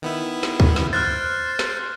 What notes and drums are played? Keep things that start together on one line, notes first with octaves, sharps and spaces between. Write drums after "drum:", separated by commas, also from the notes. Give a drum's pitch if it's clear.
D#3 B3 E4
drum: snare
drum: kick
drum: snare
C5 F6 F#6 A6
drum: snare